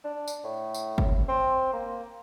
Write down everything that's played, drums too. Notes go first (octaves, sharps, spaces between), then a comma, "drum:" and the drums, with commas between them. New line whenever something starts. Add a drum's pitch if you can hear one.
D4
drum: tambourine
A2
drum: tambourine
drum: kick
C4
A#3